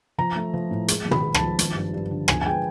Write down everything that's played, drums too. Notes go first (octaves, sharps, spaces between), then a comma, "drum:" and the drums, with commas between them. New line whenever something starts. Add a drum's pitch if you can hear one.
F3 A#5
A3
F3
A2
G#3, drum: hi-hat
G#1
B5, drum: tom
G#3
A5, drum: rim click
F3
G#1, drum: hi-hat
G2
G2
D3
F3 G#5, drum: rim click
G#5
G#3 G5